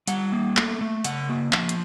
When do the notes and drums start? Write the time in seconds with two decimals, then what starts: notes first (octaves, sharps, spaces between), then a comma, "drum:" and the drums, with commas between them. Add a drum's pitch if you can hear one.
0.07 G3 F#5, drum: hi-hat
0.32 A#3
0.57 A3, drum: clap
0.81 A3
1.04 C#3 F#5, drum: hi-hat
1.29 A#3
1.53 F3 F5, drum: clap
1.69 drum: hi-hat